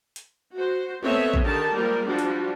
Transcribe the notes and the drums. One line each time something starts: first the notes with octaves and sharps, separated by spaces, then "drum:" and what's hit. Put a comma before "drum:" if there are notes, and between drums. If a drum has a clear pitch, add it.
drum: hi-hat
F#4 C5
B3 C4 A4 C#5 D#5 E5, drum: tom
drum: kick A1
D3 D#3 G4 A#4 A5
F3 G3 G#3 A#3 A#4 D5
F3 G3 D4 F#4
drum: hi-hat